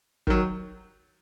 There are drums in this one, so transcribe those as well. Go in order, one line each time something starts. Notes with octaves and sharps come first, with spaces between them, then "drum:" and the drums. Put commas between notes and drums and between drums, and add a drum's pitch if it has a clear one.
D#3 F#3, drum: kick